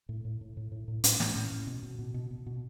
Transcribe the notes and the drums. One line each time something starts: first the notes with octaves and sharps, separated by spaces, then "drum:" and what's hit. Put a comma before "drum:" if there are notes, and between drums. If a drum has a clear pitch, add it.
A2
A2
A2
A2
A2
A2
A2 C#4, drum: hi-hat
A2, drum: snare
A2
A2
B2
B2
B2
B2
B2
B2